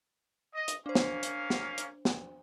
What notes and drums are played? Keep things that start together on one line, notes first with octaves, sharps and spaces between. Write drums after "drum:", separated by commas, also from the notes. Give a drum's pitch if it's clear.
D#5
drum: hi-hat
A#3 C#4 D4 C5 F5
drum: snare
drum: hi-hat
drum: snare
drum: hi-hat
drum: snare